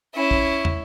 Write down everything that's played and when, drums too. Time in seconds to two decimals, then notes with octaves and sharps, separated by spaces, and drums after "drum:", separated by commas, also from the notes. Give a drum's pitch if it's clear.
0.14 C#4 E4
0.31 drum: kick
0.65 drum: tom